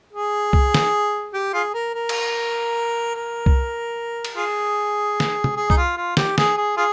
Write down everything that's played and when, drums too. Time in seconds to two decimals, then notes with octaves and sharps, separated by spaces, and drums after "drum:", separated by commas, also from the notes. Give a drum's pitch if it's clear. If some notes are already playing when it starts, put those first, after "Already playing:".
0.13 G#4
0.53 drum: kick C2
0.74 drum: snare
1.34 G4
1.54 F4 G#4
1.74 A#4
1.94 A#4
2.09 drum: cymbal
3.15 A#4
3.46 drum: kick C2
4.25 drum: cymbal
4.36 F4 G#4
5.20 drum: snare
5.44 drum: tom
5.57 G#4
5.70 D#4, drum: kick C2
5.77 F4
5.97 F4
6.17 G4, drum: snare
6.38 G#4, drum: snare
6.57 G#4
6.77 F4 G#4